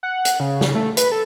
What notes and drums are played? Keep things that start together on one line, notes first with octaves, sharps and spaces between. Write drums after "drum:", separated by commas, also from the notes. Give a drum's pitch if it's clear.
F#5
drum: hi-hat
C#3
drum: snare
A3
B4, drum: hi-hat
A4